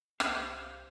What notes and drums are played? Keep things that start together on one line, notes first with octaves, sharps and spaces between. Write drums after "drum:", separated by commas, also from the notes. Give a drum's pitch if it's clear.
C2 G4 C5 F5, drum: rim click